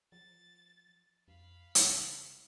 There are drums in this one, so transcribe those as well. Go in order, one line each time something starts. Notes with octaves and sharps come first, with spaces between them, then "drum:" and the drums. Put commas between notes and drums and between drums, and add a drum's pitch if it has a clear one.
F3 A6
F2 F5 B5
C#3, drum: hi-hat